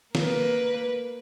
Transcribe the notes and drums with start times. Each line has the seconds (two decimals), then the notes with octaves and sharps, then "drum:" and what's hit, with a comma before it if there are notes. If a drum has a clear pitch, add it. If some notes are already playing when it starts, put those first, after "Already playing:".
0.15 A#3 A#4 B4, drum: snare